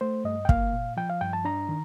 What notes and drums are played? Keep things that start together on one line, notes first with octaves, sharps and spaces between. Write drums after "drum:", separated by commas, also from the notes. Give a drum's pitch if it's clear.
A3 C5
G2 D#5
G5
A#3 F5, drum: kick
A#2
F3 G5
F5
G2 G5
A5
D4 A#5
D#3